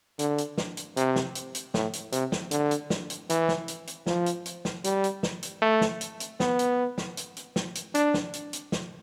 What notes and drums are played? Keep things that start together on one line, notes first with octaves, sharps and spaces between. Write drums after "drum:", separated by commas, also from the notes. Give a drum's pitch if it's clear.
D3, drum: hi-hat
drum: hi-hat
drum: snare
drum: hi-hat
C3, drum: hi-hat
drum: snare
drum: hi-hat
drum: hi-hat
A2, drum: snare
drum: hi-hat
C3, drum: hi-hat
drum: snare
D3, drum: hi-hat
drum: hi-hat
drum: snare
drum: hi-hat
E3, drum: hi-hat
drum: snare
drum: hi-hat
drum: hi-hat
F3, drum: snare
drum: hi-hat
drum: hi-hat
drum: snare
G3, drum: hi-hat
drum: hi-hat
drum: snare
drum: hi-hat
A3
drum: snare
drum: hi-hat
drum: hi-hat
B3, drum: snare
drum: hi-hat
drum: snare
drum: hi-hat
drum: hi-hat
drum: snare
drum: hi-hat
D4, drum: hi-hat
drum: snare
drum: hi-hat
drum: hi-hat
drum: snare